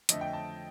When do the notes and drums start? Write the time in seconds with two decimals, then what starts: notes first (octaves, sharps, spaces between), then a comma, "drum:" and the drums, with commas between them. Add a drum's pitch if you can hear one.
0.09 F2 D3 A3 D#5, drum: hi-hat
0.21 G5
0.33 A5